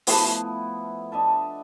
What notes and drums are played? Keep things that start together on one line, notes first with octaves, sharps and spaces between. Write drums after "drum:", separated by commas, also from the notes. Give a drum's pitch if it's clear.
F3 A3 B3 E4, drum: open hi-hat
D4 D#5 E5 A5